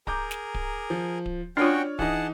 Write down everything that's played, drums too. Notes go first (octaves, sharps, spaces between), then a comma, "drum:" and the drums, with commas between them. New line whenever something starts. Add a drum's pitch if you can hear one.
G#4 A#4 A#5 D6 G6, drum: kick D1
drum: snare
drum: kick D1
F3
drum: kick D1
C#4 D4 F4 F#4 C#5 D5 G5 F6
E3 D#4 G#4 F#5 A5, drum: kick D1